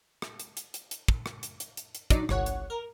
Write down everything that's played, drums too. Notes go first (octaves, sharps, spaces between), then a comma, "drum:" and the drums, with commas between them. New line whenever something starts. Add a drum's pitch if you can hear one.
drum: rim click
drum: hi-hat
drum: hi-hat
drum: hi-hat
drum: hi-hat
drum: kick
drum: rim click
drum: hi-hat
drum: hi-hat
drum: hi-hat
drum: hi-hat
F#3 D4 D#4 D5, drum: kick, hi-hat
G1 C2 C#5 F#5, drum: rim click
drum: hi-hat
A#4